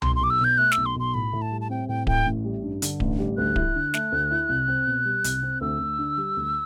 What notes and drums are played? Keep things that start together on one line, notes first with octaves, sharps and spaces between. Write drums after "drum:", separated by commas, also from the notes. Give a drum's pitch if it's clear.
B1 C6, drum: tom C2
C6
B1 D6
E6
B2 G6
A3 F#6
E6, drum: snare
B1
C6
B1 C6
A2 B5
A2
A5
G3
A5
C4 G5
A2 G5
A2 G5, drum: kick D1
A1
G3
G2
D3, drum: hi-hat
A1, drum: kick D1
G3
D2 F#6
E4, drum: kick D1
D3
A3, drum: snare
D2
E4
C2
C4
B2
G3
C2, drum: hi-hat
C4
D2 E6
D2
D3
G3
D2